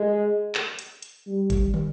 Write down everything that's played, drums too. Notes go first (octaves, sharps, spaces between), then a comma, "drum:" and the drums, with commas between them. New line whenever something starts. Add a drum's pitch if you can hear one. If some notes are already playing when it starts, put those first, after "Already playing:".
Already playing: G#3
drum: clap
drum: hi-hat
drum: hi-hat
G3
drum: kick G1, hi-hat
drum: tom